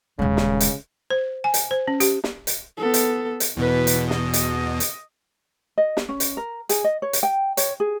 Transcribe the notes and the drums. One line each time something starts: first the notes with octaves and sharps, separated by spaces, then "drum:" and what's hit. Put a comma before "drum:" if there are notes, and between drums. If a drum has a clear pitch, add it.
D#1 C#3 G#3
drum: snare
drum: hi-hat
C5
G#5
drum: hi-hat
C5
C#4
G4, drum: hi-hat
drum: snare
drum: hi-hat
B3 A4
drum: hi-hat
drum: hi-hat
E2 B2 E4 B4
drum: hi-hat
D#5, drum: snare
drum: hi-hat
drum: hi-hat
D#5
drum: snare
C#4
drum: hi-hat
A#4
G#4, drum: hi-hat
D#5
C#5
drum: hi-hat
G5
C#5, drum: hi-hat
G#4